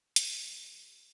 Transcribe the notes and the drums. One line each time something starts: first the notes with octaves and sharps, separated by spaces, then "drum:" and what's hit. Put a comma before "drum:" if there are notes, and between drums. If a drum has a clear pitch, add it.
G3, drum: hi-hat
D#3
G3